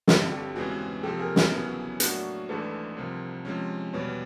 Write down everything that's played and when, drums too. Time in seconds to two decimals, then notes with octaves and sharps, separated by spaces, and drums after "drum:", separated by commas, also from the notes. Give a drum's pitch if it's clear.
0.08 G1 G2 D3 G3 C4 G4 A4, drum: snare
0.32 G4 A4
0.55 E2 C#3 E3 G#3 C4 F#4 G#4
1.03 C3 F3 A#3 G4 A4
1.19 G#4 A#4
1.36 G#4 A#4, drum: snare
1.52 E2 C#3 F#3 B3 E4
2.00 A2 F#3 A#3 D4 F#4, drum: hi-hat
2.49 G#1 G#2 E3 A3 D4 A4 B4
2.97 C2 C3 F3 A#4 C5
3.45 C3 F3 G#3 C#4
3.93 E2 B2 G3 B4 C#5